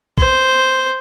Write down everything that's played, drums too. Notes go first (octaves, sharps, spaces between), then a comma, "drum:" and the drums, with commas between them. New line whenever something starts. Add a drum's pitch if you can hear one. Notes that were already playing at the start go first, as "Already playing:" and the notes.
C5, drum: kick B1